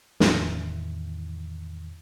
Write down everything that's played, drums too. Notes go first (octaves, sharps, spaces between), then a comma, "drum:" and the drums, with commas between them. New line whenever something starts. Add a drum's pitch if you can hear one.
E2 A2 D#3 E3, drum: snare